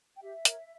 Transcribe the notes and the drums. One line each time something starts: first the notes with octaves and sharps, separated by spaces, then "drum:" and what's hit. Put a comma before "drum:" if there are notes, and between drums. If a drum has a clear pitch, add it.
G5
G4 E5
A#4 C#5, drum: hi-hat